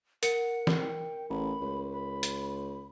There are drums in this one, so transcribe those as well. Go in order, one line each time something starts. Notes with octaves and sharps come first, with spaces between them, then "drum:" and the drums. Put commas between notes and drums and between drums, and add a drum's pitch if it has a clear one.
A#4 F#5 C#7, drum: hi-hat
drum: snare
G5
A1 B5
C#2
B5
drum: hi-hat